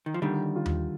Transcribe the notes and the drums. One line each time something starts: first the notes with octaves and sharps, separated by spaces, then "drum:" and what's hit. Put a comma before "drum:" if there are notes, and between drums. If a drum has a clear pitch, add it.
D#3
F3
D3 D#3 G3
F4
drum: tom D#2